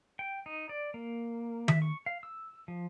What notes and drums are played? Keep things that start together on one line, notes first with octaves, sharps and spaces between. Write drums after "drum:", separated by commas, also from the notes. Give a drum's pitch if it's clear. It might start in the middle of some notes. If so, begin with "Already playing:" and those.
G5
D#4
D5
A#3
E5, drum: tom D#3
C#6
F5
E6
F3